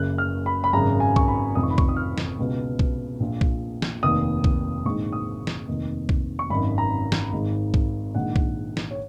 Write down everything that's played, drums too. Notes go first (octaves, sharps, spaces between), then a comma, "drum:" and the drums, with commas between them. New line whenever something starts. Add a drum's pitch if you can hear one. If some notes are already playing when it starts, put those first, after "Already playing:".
Already playing: F#1 F#2 C#3 F#6
F6
B5
B5
G#1 F#2 C#3 A#5
G#5
C#6, drum: kick B1
B5
F1 F2 D#3 D#6
C#6
B5
C#6, drum: kick B1
D#6
F6
drum: snare
C#2 B2
drum: kick B1
A#1 A#2
drum: kick B1
drum: snare
F1 D#2 D#3 D#6
drum: kick B1
A#1 G#2 D#3 C#6
D#6
drum: snare
F1 D#2 D#3
drum: kick B1
C#6
G#1 F#2 D#3 B5
A#5
drum: snare
G#1 G#2 D#3
drum: kick B1
A#1 G#2 D#3 F#5
drum: kick B1
drum: snare
C#5